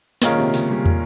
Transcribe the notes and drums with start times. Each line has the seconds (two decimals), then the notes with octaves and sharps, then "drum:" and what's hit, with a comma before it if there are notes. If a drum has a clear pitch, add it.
0.22 A#2 D#3 G#3 C#4 F4 A#4, drum: snare
0.32 A#2
0.38 C3
0.54 C#3, drum: open hi-hat
0.71 G3
0.86 A#2, drum: tom